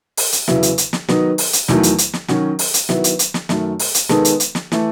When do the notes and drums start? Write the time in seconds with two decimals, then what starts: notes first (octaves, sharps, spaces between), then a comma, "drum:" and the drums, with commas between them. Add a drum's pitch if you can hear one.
0.17 drum: open hi-hat
0.32 drum: hi-hat
0.48 E2 C#3 F#3 B3 E4, drum: snare
0.63 drum: hi-hat
0.78 drum: hi-hat
0.93 drum: snare
1.08 D#3 F#3 B3 D#4, drum: snare
1.38 drum: open hi-hat
1.53 drum: hi-hat
1.68 E2 D#3 F#3 A3, drum: snare
1.83 drum: hi-hat
1.98 drum: hi-hat
2.13 drum: snare
2.28 D#3 F#3 C#4 F#4, drum: snare
2.59 drum: open hi-hat
2.74 drum: hi-hat
2.89 D#3 F#3 B3 E4, drum: snare
3.04 drum: hi-hat
3.19 drum: hi-hat
3.34 drum: snare
3.49 F#2 D#3 A3, drum: snare
3.79 drum: open hi-hat
3.94 drum: hi-hat
4.09 D#3 G#3 B3 D#4 A4, drum: snare
4.25 drum: hi-hat
4.40 drum: hi-hat
4.55 drum: snare
4.72 E3 A3, drum: snare